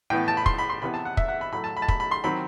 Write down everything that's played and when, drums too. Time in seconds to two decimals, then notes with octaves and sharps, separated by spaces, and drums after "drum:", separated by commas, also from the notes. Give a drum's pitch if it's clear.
0.10 A2 E3 B3 G5
0.28 A5
0.37 B5
0.46 C6, drum: kick
0.58 B5
0.70 C6
0.82 C3 E3 B3 B5
0.94 A5
1.05 F#5
1.17 E5, drum: kick
1.28 F#5
1.41 B5
1.52 A2 F#3 A3 B5
1.64 A5
1.77 B5
1.82 A5
1.88 B5, drum: kick
2.00 B5
2.11 C6
2.24 D#3 F#3 C4 B5